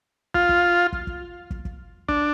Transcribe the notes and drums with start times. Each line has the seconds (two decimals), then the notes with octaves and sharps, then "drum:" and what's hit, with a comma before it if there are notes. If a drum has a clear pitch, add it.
0.35 F4, drum: kick
0.49 drum: kick
0.93 drum: kick
1.07 drum: kick
1.51 drum: kick
1.65 drum: kick
2.08 D4, drum: kick